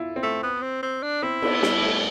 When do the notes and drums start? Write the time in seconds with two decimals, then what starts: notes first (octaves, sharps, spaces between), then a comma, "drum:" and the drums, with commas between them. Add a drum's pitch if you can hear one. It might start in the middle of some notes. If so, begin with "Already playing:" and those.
Already playing: E4 F4
0.16 C4
0.23 A3
0.43 B3
0.62 C4
0.83 C4
1.03 D4
1.23 C4 E4
1.42 B3, drum: cymbal
1.63 G3, drum: snare
1.82 A3